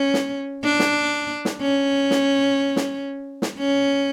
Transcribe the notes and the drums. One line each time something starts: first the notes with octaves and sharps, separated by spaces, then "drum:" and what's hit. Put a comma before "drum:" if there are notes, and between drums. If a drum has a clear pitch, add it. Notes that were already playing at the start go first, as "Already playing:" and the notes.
Already playing: C#4
drum: snare
D4
drum: snare
drum: snare
C#4
drum: snare
drum: snare
drum: snare
C#4